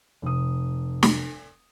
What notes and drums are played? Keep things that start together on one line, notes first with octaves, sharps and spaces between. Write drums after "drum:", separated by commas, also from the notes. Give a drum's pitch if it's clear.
F1 D#6
drum: snare